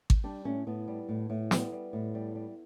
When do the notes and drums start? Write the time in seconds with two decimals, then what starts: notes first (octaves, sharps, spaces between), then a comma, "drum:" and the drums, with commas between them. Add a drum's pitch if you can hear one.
0.10 drum: kick G#1
0.24 G3 D4
0.45 A2 C#4
0.67 A2 B3
0.88 G3
1.09 A2
1.30 A2
1.51 G3 B3, drum: snare
1.72 G3
1.93 A2
2.15 G3
2.35 G3